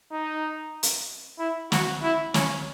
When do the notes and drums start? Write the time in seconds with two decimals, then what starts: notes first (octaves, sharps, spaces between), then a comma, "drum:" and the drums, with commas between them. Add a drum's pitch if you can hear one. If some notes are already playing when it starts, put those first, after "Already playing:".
0.12 D#4
0.83 drum: hi-hat
1.39 E4
1.72 F#4, drum: snare
2.03 E4
2.34 C#4, drum: snare